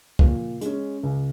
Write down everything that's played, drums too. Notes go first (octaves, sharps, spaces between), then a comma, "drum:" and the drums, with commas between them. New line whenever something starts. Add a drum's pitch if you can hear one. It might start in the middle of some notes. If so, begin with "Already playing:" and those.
A#2, drum: kick
G#3 C#4, drum: hi-hat
C#2